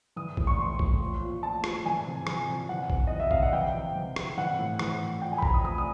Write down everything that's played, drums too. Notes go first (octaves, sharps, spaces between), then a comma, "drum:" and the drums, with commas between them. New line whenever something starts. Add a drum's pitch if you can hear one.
E3 D#6
A2, drum: kick A#1
C#6
E3 C6
A2, drum: kick A#1
F3
A#2
F3 A5
A#2, drum: rim click
E3 G#5
C3
E3, drum: rim click
C3
E3 F#5
C3, drum: kick A#1
E3 D#5
E5
C3 F5, drum: kick A#1
F#5
E3 G5
C3
E3
C3, drum: rim click
E3 F#5
A2
E3, drum: rim click
A2
F3 G5
G#5
B5
C3 A#5, drum: kick A#1
D#6
F3 D#6
D#6